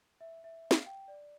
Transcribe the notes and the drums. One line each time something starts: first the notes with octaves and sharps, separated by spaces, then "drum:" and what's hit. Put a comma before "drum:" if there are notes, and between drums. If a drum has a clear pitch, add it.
E5
E5
F5, drum: snare
G5
D5